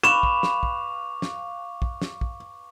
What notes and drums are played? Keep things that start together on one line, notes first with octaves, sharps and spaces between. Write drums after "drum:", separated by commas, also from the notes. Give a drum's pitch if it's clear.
B4 F5 C#6 D6 E7 F7
drum: kick
drum: snare
drum: kick
drum: snare
drum: kick
drum: snare
drum: kick